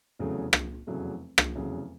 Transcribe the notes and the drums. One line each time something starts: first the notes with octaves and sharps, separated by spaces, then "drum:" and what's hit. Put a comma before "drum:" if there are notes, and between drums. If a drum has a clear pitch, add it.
F1 E2 C#3 F#3 A3
drum: rim click
F1 E2 C#3 F#3 A3
drum: rim click
F1 E2 C#3 F#3 A3